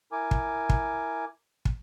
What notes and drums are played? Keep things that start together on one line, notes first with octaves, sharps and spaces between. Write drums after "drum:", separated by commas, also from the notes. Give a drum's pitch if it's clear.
E4 A#4 G#5 D6
drum: kick
drum: kick
drum: kick